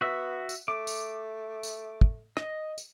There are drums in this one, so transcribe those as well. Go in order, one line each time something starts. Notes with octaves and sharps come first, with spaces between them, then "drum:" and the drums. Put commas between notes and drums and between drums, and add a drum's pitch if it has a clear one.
B3 F#4 E5
drum: tambourine
A3 D6
drum: tambourine
drum: tambourine
drum: kick
D#5, drum: rim click
drum: tambourine